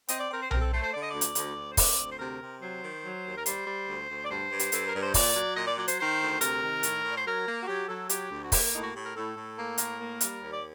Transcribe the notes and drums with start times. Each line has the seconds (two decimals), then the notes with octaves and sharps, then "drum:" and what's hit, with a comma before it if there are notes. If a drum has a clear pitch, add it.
0.08 C4 D#5, drum: hi-hat
0.20 D5
0.30 C4 A#4
0.40 C5
0.51 C4 A#4, drum: tom B1
0.57 G4
0.61 A4
0.72 A3 C5
0.82 C5
0.93 D3 D5
1.02 D#5
1.11 D2 D5
1.21 drum: hi-hat
1.35 D2, drum: hi-hat
1.56 D2
1.72 C5
1.77 C4 D5, drum: kick, open hi-hat
1.98 D2
2.11 C5
2.19 C3 A#4
2.41 C3
2.61 F#3 C5
2.83 D#3
3.04 F#3
3.25 D#2
3.37 A#4
3.46 G3 C5, drum: hi-hat
3.67 G3
3.88 D2
4.09 D2
4.24 D5
4.30 G2 C5
4.52 G2
4.59 G4, drum: hi-hat
4.72 G2 A4, drum: hi-hat
4.87 A#4
4.94 G2
5.01 C5
5.14 A#2 D5, drum: kick, open hi-hat
5.36 F#3
5.56 A#2 D#5
5.67 D5
5.77 F#3 D5
5.88 C5, drum: hi-hat
5.99 D#3 C5
6.20 D2
6.41 C3 A#4, drum: hi-hat
6.62 D#3
6.83 A2, drum: hi-hat
7.04 A2 D5
7.17 C5
7.25 F#3 A#4
7.47 A#3
7.63 F#4
7.67 F#3 G4
7.88 F#3 A4
8.09 F#3 G4, drum: hi-hat
8.30 D2
8.43 F#4
8.52 A#3 G4, drum: kick, open hi-hat
8.73 A2 D#4
8.83 F#4
8.94 A2 G4
9.05 A#4
9.15 A2 A4
9.36 A2
9.57 A#3
9.78 A2 A#4, drum: hi-hat
10.00 A#3
10.21 G3, drum: hi-hat
10.41 D#2
10.52 D5